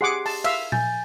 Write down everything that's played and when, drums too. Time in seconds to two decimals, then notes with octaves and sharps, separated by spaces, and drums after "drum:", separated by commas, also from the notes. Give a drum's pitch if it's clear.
0.01 G4 G#4 F#5 C6 D6 C7
0.26 A5, drum: open hi-hat
0.44 E5 F5 E6, drum: cymbal
0.72 G#5 G6 A6, drum: tom A#2